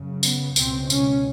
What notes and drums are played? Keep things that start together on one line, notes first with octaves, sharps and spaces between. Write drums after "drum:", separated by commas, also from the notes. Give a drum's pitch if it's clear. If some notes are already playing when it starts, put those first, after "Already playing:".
Already playing: F#2 C#3
B3, drum: tambourine
C#2 B2 C4, drum: tambourine
C#4, drum: tambourine